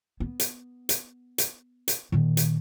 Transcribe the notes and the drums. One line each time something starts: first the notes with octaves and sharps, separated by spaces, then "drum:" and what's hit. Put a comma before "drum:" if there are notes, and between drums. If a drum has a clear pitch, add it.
B3
drum: hi-hat
drum: hi-hat
drum: hi-hat
drum: hi-hat
A#2 D#3
drum: hi-hat